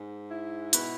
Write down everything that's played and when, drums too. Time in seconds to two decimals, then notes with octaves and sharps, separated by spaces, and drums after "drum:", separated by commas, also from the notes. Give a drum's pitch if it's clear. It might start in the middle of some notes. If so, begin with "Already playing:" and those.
Already playing: G#2
0.28 E4
0.73 B2, drum: hi-hat